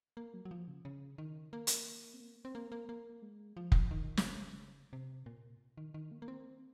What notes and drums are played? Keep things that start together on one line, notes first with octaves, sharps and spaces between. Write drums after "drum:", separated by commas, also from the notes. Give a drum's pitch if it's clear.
A#3
F#3
F#3
F3
C#3
C#3
D#3
A#3
drum: hi-hat
C4
A#3
C4
A#3
A#3
A#3
G#3
F3
drum: kick F1
D#3
C3, drum: snare
C#3
C3
A#2
D#3
D#3
A#3
A#3
C4